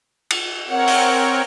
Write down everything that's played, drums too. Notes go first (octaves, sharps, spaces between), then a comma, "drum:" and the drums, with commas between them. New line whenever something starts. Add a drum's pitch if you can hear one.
drum: cymbal
C4 A#4 C#5 F#5
drum: open hi-hat